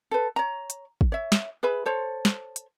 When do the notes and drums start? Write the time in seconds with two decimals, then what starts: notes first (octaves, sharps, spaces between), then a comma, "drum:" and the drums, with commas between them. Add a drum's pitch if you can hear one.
0.11 A4 B4
0.36 C#5 A#5
0.70 drum: hi-hat
1.01 drum: kick
1.12 C#5 E5
1.32 drum: snare
1.63 G#4 B4 E5 B5
1.86 A4 C5 C#5
2.25 drum: snare
2.56 drum: hi-hat